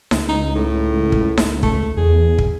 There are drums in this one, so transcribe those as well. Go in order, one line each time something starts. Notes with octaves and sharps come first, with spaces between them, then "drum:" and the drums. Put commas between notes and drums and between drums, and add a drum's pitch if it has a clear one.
C#2, drum: snare D#4
D#4
A2
drum: kick
drum: snare D#4
A3, drum: kick
E2 G#4
drum: kick